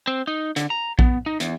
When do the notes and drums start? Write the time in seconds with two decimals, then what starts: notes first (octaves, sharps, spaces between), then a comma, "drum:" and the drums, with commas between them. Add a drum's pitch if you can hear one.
0.07 C4
0.27 D#4
0.56 D3, drum: hi-hat
0.70 A#5
0.99 B3, drum: kick A#1
1.26 D#4
1.40 E2, drum: hi-hat